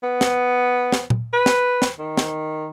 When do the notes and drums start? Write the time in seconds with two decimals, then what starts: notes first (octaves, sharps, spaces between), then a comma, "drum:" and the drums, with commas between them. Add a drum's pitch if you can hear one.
0.03 B3
0.21 drum: snare
0.92 drum: snare
1.10 drum: tom A#2
1.33 B4
1.46 drum: snare
1.82 drum: snare
1.99 D#3
2.17 drum: snare